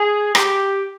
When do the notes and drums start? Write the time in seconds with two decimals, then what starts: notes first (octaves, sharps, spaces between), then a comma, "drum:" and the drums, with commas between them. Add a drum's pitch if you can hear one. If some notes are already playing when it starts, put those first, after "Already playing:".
Already playing: G#4
0.35 G4, drum: rim click